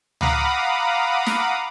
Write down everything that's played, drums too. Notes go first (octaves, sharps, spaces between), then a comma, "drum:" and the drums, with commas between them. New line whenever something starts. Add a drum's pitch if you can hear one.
F5 F#5 A#5 B5 D6 D#6, drum: tom C#2
drum: snare